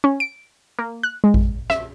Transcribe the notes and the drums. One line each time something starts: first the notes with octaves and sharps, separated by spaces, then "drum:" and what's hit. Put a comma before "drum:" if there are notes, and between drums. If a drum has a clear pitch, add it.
C#4
D7
A#3
F#6
G#3
drum: kick A1
E5, drum: rim click